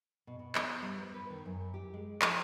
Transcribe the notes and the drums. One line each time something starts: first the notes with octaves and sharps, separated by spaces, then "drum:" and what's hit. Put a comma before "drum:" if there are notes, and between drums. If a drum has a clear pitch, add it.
B2
B2
B3, drum: clap
G3
C5
B4
D#3
F#2
G4
G#3
F3, drum: clap